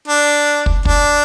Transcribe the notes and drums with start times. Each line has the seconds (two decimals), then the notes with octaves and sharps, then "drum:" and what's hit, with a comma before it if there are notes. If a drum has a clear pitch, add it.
0.07 D4
0.66 drum: kick
0.85 D4, drum: kick